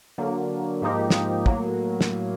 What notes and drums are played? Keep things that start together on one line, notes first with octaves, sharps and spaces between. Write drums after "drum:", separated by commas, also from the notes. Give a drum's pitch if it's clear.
D3 F#3 A#3
G#2 F3 A#3 D#4 G4
drum: snare
A2 F#3 A#3, drum: kick
drum: snare